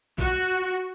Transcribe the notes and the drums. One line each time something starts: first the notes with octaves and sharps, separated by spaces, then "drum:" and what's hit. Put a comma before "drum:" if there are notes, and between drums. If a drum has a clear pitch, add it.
F#4, drum: kick A#1